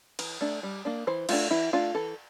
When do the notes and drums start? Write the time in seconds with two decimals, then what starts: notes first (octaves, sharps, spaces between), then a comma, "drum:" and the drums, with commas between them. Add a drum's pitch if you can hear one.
0.19 E3, drum: cymbal
0.41 A3 D4
0.63 G3
0.85 A#3 D4
1.07 E3 C5
1.29 A3 D4 F4, drum: cymbal
1.50 E3 E4
1.73 A3 D4 F4
1.94 E3 A4